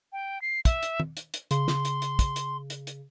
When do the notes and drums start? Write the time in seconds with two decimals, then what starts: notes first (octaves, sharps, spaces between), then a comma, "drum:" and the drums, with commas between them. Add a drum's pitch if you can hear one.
0.13 G5
0.42 C7
0.65 E5, drum: kick, hi-hat
0.83 drum: hi-hat
1.00 drum: tom
1.17 drum: hi-hat
1.34 drum: hi-hat
1.51 C#3 C6, drum: hi-hat
1.68 drum: snare
1.85 drum: hi-hat
2.02 drum: hi-hat
2.19 drum: kick, hi-hat
2.36 drum: hi-hat
2.70 drum: hi-hat
2.87 drum: hi-hat